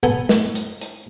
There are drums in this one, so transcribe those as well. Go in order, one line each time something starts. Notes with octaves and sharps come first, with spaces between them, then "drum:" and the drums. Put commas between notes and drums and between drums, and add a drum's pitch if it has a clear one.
B3 A4 G#5
drum: snare
drum: hi-hat
drum: hi-hat